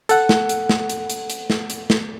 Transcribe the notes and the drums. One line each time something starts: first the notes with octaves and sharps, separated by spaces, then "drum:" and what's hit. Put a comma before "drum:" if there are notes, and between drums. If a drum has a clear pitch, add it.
A4 F#5, drum: hi-hat
drum: snare
drum: hi-hat
drum: snare
drum: hi-hat
drum: hi-hat
drum: hi-hat
drum: snare
drum: hi-hat
drum: snare